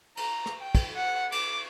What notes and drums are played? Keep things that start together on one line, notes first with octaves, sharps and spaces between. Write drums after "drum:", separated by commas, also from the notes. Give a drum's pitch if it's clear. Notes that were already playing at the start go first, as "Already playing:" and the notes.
A#5, drum: cymbal
drum: rim click
G5
drum: kick, cymbal
F#5
D6, drum: cymbal